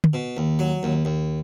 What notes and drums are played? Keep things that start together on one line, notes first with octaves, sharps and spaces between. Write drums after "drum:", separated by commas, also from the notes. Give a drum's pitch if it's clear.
drum: tom D3
B2
D#2
F#3
D#2
D#2